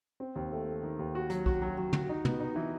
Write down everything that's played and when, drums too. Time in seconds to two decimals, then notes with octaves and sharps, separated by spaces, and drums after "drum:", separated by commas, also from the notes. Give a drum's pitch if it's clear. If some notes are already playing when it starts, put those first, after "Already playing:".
0.20 C4
0.36 D#2
0.53 A3
0.68 A3
0.83 D#3
0.99 D#2
1.15 F#4
1.30 F#3, drum: hi-hat
1.46 F#4, drum: kick
1.62 F#3
1.78 F#3
1.93 F#4, drum: tom
2.09 D#4
2.25 B3, drum: tom
2.40 D#4
2.56 E3